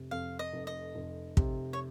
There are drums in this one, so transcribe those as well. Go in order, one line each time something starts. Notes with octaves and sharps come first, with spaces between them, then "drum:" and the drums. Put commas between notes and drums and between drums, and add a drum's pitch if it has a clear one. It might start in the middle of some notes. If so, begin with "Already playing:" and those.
Already playing: F1 C3
F2 F5
D#5
F1
D#5
F1
C3, drum: kick
C#5